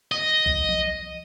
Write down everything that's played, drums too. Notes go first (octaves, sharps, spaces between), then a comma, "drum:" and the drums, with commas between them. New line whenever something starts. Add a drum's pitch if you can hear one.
D#5
drum: kick B1
drum: tom E3